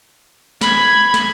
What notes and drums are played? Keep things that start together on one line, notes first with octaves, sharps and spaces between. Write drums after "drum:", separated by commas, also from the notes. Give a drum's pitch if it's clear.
B5 G#6, drum: snare
drum: snare